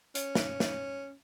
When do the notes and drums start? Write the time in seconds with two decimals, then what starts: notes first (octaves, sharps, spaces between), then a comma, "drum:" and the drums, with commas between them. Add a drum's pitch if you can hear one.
0.15 C#4, drum: hi-hat
0.35 drum: snare
0.60 drum: snare